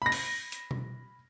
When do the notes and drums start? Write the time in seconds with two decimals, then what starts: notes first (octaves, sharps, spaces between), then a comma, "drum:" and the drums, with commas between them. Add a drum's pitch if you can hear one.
0.02 B5 A#6
0.12 drum: open hi-hat
0.52 drum: hi-hat
0.71 drum: tom B2